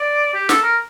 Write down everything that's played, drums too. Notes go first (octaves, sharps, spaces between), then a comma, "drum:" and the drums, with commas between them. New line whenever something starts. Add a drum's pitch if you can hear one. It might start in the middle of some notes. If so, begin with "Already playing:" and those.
Already playing: D5
G4
A4, drum: snare
A#4